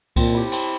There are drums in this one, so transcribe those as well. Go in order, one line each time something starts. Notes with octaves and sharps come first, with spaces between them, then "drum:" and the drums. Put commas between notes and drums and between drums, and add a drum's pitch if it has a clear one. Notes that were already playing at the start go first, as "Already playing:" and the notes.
A#2 C4, drum: kick C2, cymbal
E4 G4
C4, drum: cymbal